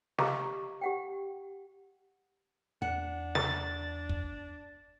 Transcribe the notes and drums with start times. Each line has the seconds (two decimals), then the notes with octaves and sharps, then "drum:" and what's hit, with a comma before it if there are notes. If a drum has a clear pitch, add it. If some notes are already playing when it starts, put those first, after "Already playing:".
0.18 G4 D#5 F5 A#5 C#6 D6, drum: snare
0.81 G4 F#5 G5
2.82 E2 D4 F#5
3.35 A6, drum: snare
4.09 drum: kick